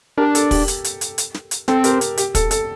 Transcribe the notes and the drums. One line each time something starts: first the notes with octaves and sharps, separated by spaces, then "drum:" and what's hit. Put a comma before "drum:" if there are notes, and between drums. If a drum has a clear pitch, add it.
D4 G4 A#4
A4, drum: hi-hat
G4, drum: kick, open hi-hat
drum: hi-hat
drum: hi-hat
drum: hi-hat
drum: hi-hat
drum: snare
drum: hi-hat
C4 A4, drum: snare
G4 A#4, drum: hi-hat
drum: hi-hat
G4, drum: hi-hat
A4, drum: kick, hi-hat
A4, drum: hi-hat